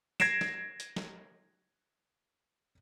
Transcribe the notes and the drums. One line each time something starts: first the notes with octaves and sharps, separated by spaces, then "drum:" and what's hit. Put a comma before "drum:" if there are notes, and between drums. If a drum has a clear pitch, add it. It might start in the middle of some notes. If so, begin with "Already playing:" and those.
G#6 A#6 C7 D7 E7, drum: snare
drum: snare
drum: hi-hat
drum: snare